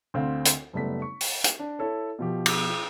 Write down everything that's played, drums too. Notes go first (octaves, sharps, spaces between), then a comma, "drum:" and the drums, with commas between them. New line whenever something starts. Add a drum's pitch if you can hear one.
D2 C4 F5
drum: hi-hat
F#1 G3 A3 B3 B6
C#6
drum: open hi-hat
drum: hi-hat
D4
E4 A4 C#5
B2 F3 G4
drum: cymbal